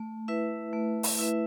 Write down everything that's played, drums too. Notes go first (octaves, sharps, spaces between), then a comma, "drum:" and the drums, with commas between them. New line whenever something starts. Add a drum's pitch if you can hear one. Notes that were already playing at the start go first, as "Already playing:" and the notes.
Already playing: A3
E4 B4 E5
A3
drum: open hi-hat
E4 B4 E5